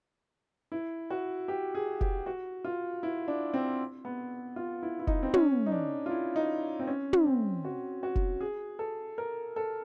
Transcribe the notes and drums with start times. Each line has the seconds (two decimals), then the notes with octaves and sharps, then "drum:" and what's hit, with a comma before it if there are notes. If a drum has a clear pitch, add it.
0.72 E4
1.10 F#4
1.48 G4
1.75 G#4
2.01 G4, drum: kick F1
2.26 F#4
2.64 F4
3.03 E4
3.28 D4
3.54 C4
4.05 B3
4.56 F4
4.83 E4
4.99 E4
5.07 D#4, drum: kick F1
5.23 C4
5.34 C#4, drum: tom
5.66 D#4
5.72 D4
6.06 F4
6.10 E4
6.36 D#4
6.80 C4
6.87 C#4
7.13 drum: tom
7.26 C4
7.65 F#4
8.03 F#4
8.16 drum: kick F1
8.41 G#4
8.79 A4
9.18 A#4
9.56 A4